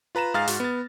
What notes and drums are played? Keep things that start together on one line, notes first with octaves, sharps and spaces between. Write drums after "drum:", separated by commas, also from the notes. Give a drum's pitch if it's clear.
F4 B4 A#5 A#6 E7
G#2 G#4 F5 A#5 F6 A6
G#2 F#4, drum: hi-hat
B3 A6